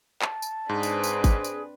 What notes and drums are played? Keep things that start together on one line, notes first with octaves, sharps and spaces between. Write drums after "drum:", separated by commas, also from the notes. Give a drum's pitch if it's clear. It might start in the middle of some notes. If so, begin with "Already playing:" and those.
A5, drum: clap
drum: tambourine
G#2 C4 D4 G#4 B4
drum: tambourine
drum: tambourine
drum: kick G#1, tambourine
drum: tambourine